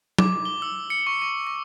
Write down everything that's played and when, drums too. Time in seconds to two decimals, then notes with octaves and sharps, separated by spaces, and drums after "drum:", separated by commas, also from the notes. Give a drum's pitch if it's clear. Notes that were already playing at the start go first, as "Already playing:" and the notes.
0.18 D6, drum: tom F#3
0.45 G7
0.62 E6
0.90 C#7
1.07 C#6
1.22 C#6
1.47 C#6